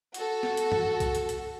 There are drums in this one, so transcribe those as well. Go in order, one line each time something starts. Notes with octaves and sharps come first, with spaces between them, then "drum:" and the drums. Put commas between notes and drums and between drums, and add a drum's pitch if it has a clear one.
F#4 A4, drum: hi-hat
drum: snare
drum: hi-hat
drum: tom F#2
drum: kick B1, hi-hat
drum: hi-hat
drum: hi-hat